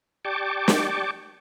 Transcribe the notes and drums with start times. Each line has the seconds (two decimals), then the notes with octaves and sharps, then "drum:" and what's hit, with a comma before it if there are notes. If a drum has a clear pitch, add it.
0.25 G4 D5 G5 A5 C#6 D6
0.68 drum: snare